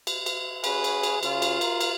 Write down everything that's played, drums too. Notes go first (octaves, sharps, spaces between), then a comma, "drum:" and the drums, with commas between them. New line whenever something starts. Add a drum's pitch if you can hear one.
drum: cymbal
drum: cymbal
C#4 F#4 G#4 B4, drum: cymbal
drum: cymbal
drum: cymbal
C#3 F4, drum: cymbal
drum: cymbal
A#4, drum: cymbal
drum: cymbal